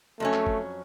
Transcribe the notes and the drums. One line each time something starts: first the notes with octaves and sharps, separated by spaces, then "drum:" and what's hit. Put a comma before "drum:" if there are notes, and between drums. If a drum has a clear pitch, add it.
F2 F#3 A3 C#4
drum: clap
drum: kick